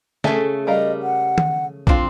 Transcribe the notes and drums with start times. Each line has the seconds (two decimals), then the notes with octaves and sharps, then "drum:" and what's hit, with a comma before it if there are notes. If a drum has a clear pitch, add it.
0.24 C#3 A3 A4 E5 G#5, drum: snare
0.67 G3 A#4 D#5 F5
1.03 F#5
1.38 drum: tom D#3
1.87 F3 C4 D4 F4, drum: kick